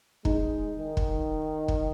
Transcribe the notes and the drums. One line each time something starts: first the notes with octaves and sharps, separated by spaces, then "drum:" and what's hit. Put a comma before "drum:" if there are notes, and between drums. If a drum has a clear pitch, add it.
G#3 D#4, drum: kick
D#3
drum: kick
drum: kick